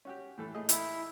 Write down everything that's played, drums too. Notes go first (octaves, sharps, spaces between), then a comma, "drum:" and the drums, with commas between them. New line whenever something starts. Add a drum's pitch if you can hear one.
C#4 F#4 G4
A2 E3 A4
A2 G#4 D#5
E4, drum: hi-hat